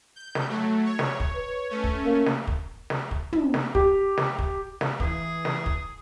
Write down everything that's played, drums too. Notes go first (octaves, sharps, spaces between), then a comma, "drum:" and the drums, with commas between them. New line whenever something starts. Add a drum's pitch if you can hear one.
G6
drum: snare
F#3 A3
C#5
drum: snare
drum: kick
B4
A3 C#4
drum: kick
A#3
drum: snare
drum: kick
drum: snare
drum: kick
drum: tom
drum: snare
G4, drum: kick
drum: snare
drum: kick
F5, drum: snare
E3 G#4 B4, drum: kick
drum: snare
drum: kick